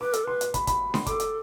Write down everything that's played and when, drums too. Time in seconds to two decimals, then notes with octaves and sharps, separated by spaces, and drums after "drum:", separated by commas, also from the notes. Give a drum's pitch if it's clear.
0.01 B4 D6
0.13 A4, drum: hi-hat
0.24 B4 C6
0.41 drum: hi-hat
0.54 B5, drum: kick, hi-hat
0.67 B5, drum: kick, hi-hat
0.94 C6, drum: snare D4
1.06 A4 D6, drum: kick, hi-hat
1.20 drum: hi-hat